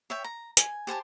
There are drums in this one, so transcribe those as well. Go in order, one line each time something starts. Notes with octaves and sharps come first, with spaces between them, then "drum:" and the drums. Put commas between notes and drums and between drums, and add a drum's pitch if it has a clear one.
C#5 E5 G5
A#5
G#5, drum: hi-hat
G4 C5 G#5 A5